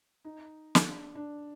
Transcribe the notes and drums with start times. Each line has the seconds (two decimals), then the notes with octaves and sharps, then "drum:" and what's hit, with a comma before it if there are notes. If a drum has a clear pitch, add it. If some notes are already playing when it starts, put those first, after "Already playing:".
0.25 D#4
0.75 drum: snare
0.86 D4
1.15 D4